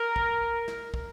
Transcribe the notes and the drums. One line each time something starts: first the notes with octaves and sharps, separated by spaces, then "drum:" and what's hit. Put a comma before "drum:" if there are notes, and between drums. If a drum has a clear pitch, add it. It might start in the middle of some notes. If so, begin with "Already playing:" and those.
Already playing: A#4
drum: kick
drum: snare
drum: kick